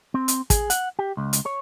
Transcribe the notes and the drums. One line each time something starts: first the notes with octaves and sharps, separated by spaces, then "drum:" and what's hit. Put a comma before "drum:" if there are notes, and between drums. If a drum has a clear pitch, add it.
C4
drum: hi-hat
G#4, drum: kick, hi-hat
F#5, drum: hi-hat
G4
C#2
drum: hi-hat
C#5